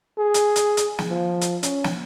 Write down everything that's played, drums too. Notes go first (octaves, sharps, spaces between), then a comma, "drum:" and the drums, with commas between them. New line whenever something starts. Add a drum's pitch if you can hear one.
G#4
drum: hi-hat
drum: hi-hat
drum: hi-hat
drum: snare
F3
drum: hi-hat
C#4, drum: hi-hat
drum: snare